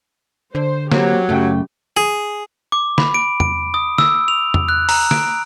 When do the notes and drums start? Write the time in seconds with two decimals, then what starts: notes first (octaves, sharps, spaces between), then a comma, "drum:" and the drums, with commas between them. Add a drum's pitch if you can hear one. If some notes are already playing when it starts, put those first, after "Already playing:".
0.55 D3 C5
0.92 F#3 A#3 C4 G4, drum: snare
1.29 F#2 C#3 A3 G5
1.97 G#4
2.72 D6
2.98 B5, drum: snare
3.14 D7
3.40 D7, drum: tom E2
3.74 D#6
3.98 E6, drum: snare
4.28 F7
4.54 drum: tom E2
4.69 F#6
4.89 A#5, drum: open hi-hat
5.11 D7, drum: snare